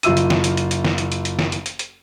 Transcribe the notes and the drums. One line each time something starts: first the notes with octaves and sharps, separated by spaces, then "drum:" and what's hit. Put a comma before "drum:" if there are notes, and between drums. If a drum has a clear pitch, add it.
F#1 F4 E5 E6 D#7, drum: hi-hat
drum: hi-hat
drum: snare
drum: hi-hat
drum: hi-hat
drum: hi-hat
drum: snare
drum: hi-hat
drum: hi-hat
drum: hi-hat
drum: snare
drum: hi-hat
drum: hi-hat
drum: hi-hat